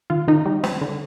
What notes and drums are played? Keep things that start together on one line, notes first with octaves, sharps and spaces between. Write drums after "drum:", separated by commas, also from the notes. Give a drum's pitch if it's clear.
D#3 F4
D#3 D#4
G3
C4, drum: snare
D3